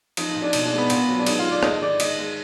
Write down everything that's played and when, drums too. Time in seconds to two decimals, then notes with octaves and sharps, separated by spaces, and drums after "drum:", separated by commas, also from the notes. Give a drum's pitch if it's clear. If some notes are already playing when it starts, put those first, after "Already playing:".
0.17 F3 D#4, drum: cymbal
0.29 D#4
0.35 A#2
0.42 D4
0.53 B2 D#4, drum: cymbal
0.66 D4
0.72 G#3
0.78 B3
0.90 A#2 B3, drum: cymbal
1.08 F#3
1.19 D4
1.26 G#3 D#4, drum: cymbal
1.39 F4
1.45 D3
1.50 D5
1.63 G#2 D#5, drum: rim click
1.82 D#3 D5
2.00 G#3 D#5, drum: cymbal
2.19 G#3